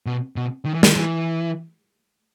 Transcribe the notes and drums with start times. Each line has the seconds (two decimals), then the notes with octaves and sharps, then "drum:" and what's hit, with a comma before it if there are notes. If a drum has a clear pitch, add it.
0.06 B2
0.36 B2
0.65 D#3
0.74 E3
0.83 D#3, drum: snare
0.96 E3